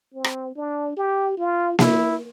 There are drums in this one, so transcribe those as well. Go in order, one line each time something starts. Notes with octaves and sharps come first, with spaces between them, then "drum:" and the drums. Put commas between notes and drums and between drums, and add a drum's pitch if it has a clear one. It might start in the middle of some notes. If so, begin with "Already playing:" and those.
C4
drum: rim click
D4
G4
F4
E4, drum: snare A#3